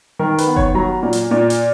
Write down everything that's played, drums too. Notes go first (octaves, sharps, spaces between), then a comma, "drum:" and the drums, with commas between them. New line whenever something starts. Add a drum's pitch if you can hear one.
D#3 A#4
B4, drum: hi-hat
B3
C#5, drum: kick F#1
F#3 A#5
A#2
drum: hi-hat
A#2
drum: hi-hat